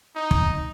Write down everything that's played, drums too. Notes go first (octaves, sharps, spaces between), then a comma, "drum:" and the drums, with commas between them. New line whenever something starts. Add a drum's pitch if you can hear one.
D#4
drum: kick